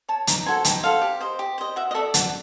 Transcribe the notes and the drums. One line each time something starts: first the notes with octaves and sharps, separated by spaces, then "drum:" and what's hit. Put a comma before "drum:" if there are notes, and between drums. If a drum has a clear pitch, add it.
C#5 A5
D#4 A#5, drum: hi-hat
F#4 A4 C5 G#5
D#4 G5, drum: hi-hat
F#4 A4 C5 F5
G4
C5 D#5
G4
C5 D#5
F#4 E5
D#5
A4 D5 E5
F#4 A5, drum: hi-hat